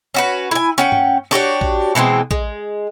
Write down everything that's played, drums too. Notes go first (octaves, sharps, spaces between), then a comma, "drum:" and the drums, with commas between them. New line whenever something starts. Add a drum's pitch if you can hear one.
C#4 F#4 B4
E4 G#5
C#4 F#5 G5
drum: tom G2
D4 F#4 G4 C#5
drum: kick
B2 E3 G#3 C4
G#3, drum: kick